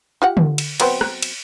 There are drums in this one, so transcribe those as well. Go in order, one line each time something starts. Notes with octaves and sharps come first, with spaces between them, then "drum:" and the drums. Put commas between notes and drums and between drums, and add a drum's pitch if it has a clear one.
F4 G4 F#5
drum: tom D3
drum: cymbal
F#3 B3 C4, drum: cymbal
drum: rim click
drum: cymbal